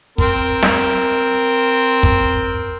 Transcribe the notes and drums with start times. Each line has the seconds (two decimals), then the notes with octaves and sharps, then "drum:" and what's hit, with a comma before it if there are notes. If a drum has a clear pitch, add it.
0.18 C4 A#4, drum: kick
0.63 drum: snare
2.03 drum: kick